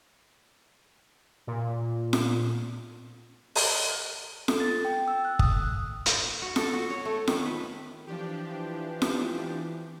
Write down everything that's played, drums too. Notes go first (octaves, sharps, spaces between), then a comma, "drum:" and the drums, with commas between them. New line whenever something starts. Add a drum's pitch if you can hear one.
A#2
drum: snare F4
drum: open hi-hat
A4, drum: snare F4
A6
G5
E6
F#6
D#6, drum: kick G1
drum: hi-hat
F#4
A4, drum: snare F4
F#4
C#5
A3
D#3, drum: snare F4
B4
E3 F3 D4 G4
drum: snare F4